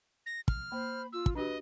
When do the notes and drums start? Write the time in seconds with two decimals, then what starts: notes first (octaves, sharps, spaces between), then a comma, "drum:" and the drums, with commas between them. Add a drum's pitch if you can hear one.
0.26 A#6
0.48 F6, drum: kick
0.72 A#3 C5 B5
1.13 F4 E6
1.26 drum: kick
1.36 D4 F#4 G4 B4 D#5